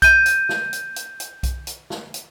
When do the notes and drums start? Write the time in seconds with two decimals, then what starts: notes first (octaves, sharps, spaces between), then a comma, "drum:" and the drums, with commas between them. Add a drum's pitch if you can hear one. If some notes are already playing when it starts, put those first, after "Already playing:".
0.02 G6 D#7, drum: kick B1, hi-hat
0.26 drum: hi-hat
0.49 drum: snare
0.73 drum: hi-hat
0.96 drum: hi-hat
1.20 drum: hi-hat
1.43 drum: kick B1, hi-hat
1.67 drum: hi-hat
1.90 drum: snare
2.14 drum: hi-hat